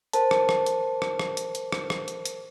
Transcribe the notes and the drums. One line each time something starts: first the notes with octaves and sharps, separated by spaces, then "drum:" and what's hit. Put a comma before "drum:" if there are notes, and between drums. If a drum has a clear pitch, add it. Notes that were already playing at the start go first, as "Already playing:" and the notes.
A#4 C5 A5, drum: hi-hat
drum: rim click
drum: rim click
drum: hi-hat
drum: rim click
drum: rim click
drum: hi-hat
drum: hi-hat
drum: rim click
drum: rim click
drum: hi-hat
drum: hi-hat